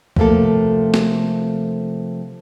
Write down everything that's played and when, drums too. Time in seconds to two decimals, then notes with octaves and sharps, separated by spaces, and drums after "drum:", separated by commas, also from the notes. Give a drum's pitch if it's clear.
0.17 C3 F3 A3 A#3 A4, drum: kick C2
0.94 drum: snare